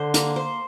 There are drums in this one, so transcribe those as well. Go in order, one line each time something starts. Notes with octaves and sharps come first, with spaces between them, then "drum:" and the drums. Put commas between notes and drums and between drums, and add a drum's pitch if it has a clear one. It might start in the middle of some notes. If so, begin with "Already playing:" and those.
Already playing: D3 C5
A#3, drum: hi-hat
C5